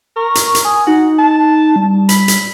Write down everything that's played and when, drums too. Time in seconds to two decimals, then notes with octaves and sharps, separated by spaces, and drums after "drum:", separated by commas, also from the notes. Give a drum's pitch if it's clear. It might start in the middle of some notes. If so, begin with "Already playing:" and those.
0.16 A#4 C#6
0.35 drum: hi-hat
0.55 drum: hi-hat
0.65 G#5 D#6
0.87 D#4 F#4
1.19 A5
1.76 G3
2.09 B5, drum: hi-hat
2.28 drum: hi-hat